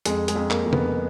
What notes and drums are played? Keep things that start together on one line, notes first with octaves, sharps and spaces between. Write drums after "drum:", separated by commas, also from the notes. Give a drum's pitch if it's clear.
F2 G#3, drum: hi-hat
G#3, drum: hi-hat
F2
A#3, drum: clap
F2
B3, drum: tom